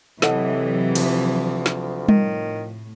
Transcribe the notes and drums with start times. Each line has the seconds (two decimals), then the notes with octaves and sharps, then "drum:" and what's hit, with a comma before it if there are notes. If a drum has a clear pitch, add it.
0.22 A2 C3 E3 F#3 A4 D#5 F#5, drum: snare
0.95 D2 F3, drum: cymbal
1.66 drum: snare
2.08 A2 D#3, drum: tom G3